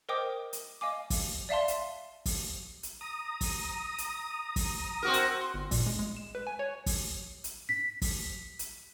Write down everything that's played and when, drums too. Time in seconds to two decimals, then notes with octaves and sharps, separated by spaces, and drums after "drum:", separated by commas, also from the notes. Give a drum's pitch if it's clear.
0.09 A#4 C5 D#5 G5 D6 D#6
0.53 drum: hi-hat
0.81 D#5 F5 G#5 D6
1.10 drum: kick, open hi-hat
1.49 D5 E5 F5 A5 C6
1.68 drum: hi-hat
2.26 drum: kick, open hi-hat
2.83 drum: hi-hat
3.01 A#5 D#6
3.41 drum: kick, open hi-hat
3.98 drum: hi-hat
4.56 drum: kick, open hi-hat
5.03 C4 F#4 A#4
5.14 drum: hi-hat
5.41 C6
5.54 G1
5.71 A#2, drum: kick, open hi-hat
5.86 G#3
5.99 G#3
6.17 E7
6.35 B4
6.47 G#5
6.59 C#5
6.86 drum: kick, open hi-hat
7.44 drum: hi-hat
7.69 B6
8.02 drum: kick, open hi-hat
8.59 drum: hi-hat